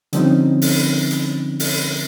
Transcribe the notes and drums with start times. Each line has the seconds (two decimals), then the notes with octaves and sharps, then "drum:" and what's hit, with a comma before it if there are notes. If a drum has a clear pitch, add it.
0.13 D3 F3 G3 C4 C#4 D#4, drum: hi-hat
0.62 drum: open hi-hat
1.11 drum: hi-hat
1.60 drum: open hi-hat